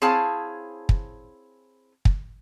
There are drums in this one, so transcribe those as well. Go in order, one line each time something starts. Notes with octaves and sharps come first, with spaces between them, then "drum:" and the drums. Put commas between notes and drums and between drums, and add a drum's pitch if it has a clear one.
C4 E4 G#4 C#5 F5 A5
drum: kick
drum: kick